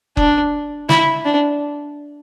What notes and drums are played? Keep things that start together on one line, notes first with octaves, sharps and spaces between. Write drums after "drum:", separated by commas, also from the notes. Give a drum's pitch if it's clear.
D4, drum: kick F#1
E4, drum: snare
D4